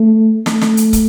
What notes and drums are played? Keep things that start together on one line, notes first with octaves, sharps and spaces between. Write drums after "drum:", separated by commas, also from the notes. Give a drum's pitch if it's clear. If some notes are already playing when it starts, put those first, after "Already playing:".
Already playing: A3
A3, drum: snare
drum: snare
drum: hi-hat
drum: kick, hi-hat